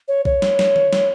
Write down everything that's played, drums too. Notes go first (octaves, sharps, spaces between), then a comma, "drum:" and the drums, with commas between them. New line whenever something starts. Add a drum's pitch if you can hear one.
C#5
C#5, drum: kick B1
drum: snare
drum: snare
drum: tom D#3
drum: snare